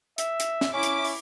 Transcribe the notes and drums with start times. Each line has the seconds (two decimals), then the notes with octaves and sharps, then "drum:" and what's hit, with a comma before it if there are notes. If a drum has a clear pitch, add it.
0.18 E5, drum: hi-hat
0.40 drum: hi-hat
0.61 drum: snare
0.74 C#4 E4 D6
0.83 drum: hi-hat
1.04 drum: open hi-hat